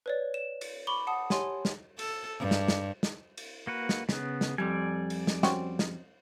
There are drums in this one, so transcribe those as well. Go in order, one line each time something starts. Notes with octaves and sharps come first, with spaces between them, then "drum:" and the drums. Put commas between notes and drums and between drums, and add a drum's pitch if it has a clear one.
B4 C#5 D5
E7
drum: cymbal
B5 C#6 D6 G7
F#5 A5 D#6
G4 C#5 G#5 C6, drum: snare
drum: snare
A4, drum: cymbal
G2
drum: snare
drum: snare
drum: snare
drum: cymbal
A#3 F#4 B4
drum: snare
C#3 B3, drum: snare
drum: snare
F2 G3 D5 G#5
drum: cymbal
drum: snare
C4 C#4 F#4, drum: snare
drum: snare